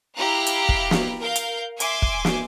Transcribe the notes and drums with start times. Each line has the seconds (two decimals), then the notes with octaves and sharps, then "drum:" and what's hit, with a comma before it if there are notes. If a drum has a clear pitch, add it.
0.17 E4 G4 F5 A#5 F#6
0.47 drum: hi-hat
0.69 drum: kick
0.91 drum: snare
1.20 A#4 F5 G6
1.36 drum: hi-hat
1.80 E5 G#5 C6 D6, drum: hi-hat
2.02 drum: kick
2.25 drum: snare